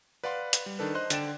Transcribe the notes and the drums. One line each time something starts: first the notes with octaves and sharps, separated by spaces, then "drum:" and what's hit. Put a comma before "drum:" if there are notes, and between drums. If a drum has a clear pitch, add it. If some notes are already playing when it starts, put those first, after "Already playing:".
B4 D5 F5 F#5 B5 C6
drum: hi-hat
G3
D#3 D4 A4 B4
C5 D#5 C6 F#6
D3 D5 G5 A6 D7 E7, drum: hi-hat